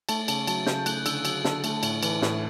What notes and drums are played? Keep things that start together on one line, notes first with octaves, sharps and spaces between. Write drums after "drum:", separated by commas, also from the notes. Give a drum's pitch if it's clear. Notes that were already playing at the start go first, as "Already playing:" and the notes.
A3 A5, drum: cymbal
C#3 A5, drum: cymbal
F#3 A5, drum: cymbal
C#3 G6, drum: snare
A3 F#6, drum: cymbal
D3 E6, drum: cymbal
F#3, drum: cymbal
D3 A5, drum: snare
A3, drum: cymbal
A2, drum: cymbal
E3, drum: cymbal
A2, drum: snare